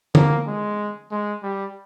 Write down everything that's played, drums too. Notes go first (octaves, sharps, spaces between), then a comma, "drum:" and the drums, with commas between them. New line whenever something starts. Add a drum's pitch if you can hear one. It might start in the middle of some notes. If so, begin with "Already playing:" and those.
A#3, drum: tom
G#3
G#3
G3